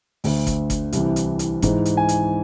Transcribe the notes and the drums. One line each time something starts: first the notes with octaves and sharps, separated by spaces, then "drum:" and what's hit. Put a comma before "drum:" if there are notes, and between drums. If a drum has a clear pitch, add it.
D2 D3, drum: open hi-hat
drum: kick F#1, hi-hat
drum: kick F#1, hi-hat
C2 C3 E3, drum: hi-hat
drum: hi-hat
drum: hi-hat
G#2 E3, drum: kick F#1, hi-hat
drum: hi-hat
G#5
drum: hi-hat